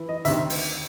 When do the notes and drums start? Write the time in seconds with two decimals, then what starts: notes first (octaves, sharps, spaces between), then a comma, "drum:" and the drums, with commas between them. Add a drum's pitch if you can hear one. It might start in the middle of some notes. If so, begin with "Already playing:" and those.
Already playing: E3
0.09 D#5
0.25 D2 C3 D#3 E5, drum: hi-hat
0.50 drum: open hi-hat